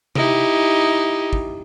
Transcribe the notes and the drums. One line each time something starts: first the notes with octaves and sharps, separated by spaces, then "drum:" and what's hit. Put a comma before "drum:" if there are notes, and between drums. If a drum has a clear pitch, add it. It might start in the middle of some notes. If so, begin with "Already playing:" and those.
D#4 E4 G4, drum: tom C3
drum: kick